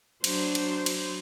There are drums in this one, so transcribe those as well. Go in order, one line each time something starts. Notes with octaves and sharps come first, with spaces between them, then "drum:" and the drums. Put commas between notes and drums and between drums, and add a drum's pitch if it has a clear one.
F#3 D4 C5, drum: cymbal
drum: cymbal
drum: cymbal